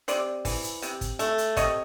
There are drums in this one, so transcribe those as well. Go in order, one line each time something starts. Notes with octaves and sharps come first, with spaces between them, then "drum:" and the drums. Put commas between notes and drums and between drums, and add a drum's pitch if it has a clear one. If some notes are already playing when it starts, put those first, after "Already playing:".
C3 C5 D5, drum: hi-hat
E3, drum: kick, open hi-hat
drum: hi-hat
C3, drum: hi-hat
drum: kick, hi-hat
A3, drum: hi-hat
drum: hi-hat
C3 C#5 D#5, drum: kick, hi-hat